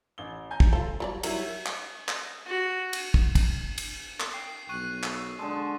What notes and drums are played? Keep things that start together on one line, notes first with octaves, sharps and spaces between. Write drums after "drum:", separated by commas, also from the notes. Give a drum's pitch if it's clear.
A1 G7
G#5 A#5 G6
drum: kick
F4 A4
F#3 G3 A4 D5
F#3 G3 E4 A#4, drum: cymbal
drum: clap
drum: clap
F#4
drum: cymbal
drum: kick
drum: kick, cymbal
drum: cymbal
drum: clap
G5 C7
B1 C#6 F#6 D#7
E6, drum: clap
D3 G#3 A5